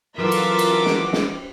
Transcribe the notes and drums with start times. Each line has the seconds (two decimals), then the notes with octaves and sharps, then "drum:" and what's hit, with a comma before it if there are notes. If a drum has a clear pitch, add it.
0.18 E3 F#3 F4 F#4 A4 A#4 E5 D6
0.32 drum: cymbal
0.59 drum: cymbal
0.86 drum: snare
1.13 drum: snare